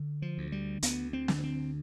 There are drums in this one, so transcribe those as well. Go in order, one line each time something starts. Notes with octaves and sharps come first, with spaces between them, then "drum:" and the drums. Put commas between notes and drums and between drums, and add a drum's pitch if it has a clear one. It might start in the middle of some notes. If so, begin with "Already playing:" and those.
Already playing: D3
F3
D2
G3
D2 B3, drum: hi-hat
C4
D3, drum: snare
B3
C4